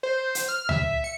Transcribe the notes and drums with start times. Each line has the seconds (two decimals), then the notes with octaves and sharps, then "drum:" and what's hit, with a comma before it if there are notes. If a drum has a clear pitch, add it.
0.03 C5
0.35 drum: hi-hat
0.48 F6
0.69 E5, drum: tom D2
1.04 C#7